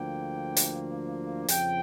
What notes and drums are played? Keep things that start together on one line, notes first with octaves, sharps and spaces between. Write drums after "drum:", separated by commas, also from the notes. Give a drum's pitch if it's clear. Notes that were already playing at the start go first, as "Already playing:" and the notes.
Already playing: D2 D3 F3 A#3 G5
drum: hi-hat
F2 C#3 F3 G5, drum: hi-hat